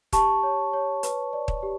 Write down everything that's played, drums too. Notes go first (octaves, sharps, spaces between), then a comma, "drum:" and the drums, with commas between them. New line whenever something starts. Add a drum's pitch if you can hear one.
G4 A5 C#6, drum: kick, hi-hat
C#5
C#5
B4, drum: hi-hat
D5
drum: kick
G4